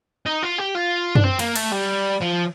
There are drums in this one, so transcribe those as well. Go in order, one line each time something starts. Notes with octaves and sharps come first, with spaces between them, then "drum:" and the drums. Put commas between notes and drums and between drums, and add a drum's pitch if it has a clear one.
D#4
F4
G4
F4
D4, drum: tom F#2
C4
A#3, drum: cymbal
A3, drum: cymbal
G3
F3